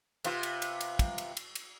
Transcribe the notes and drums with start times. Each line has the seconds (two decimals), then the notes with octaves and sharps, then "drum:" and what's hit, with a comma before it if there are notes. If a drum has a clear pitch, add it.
0.24 C3 B3 F4, drum: cymbal
0.43 drum: cymbal
0.62 drum: cymbal
0.81 drum: cymbal
0.99 drum: kick, cymbal
1.18 drum: cymbal
1.37 drum: cymbal
1.55 drum: cymbal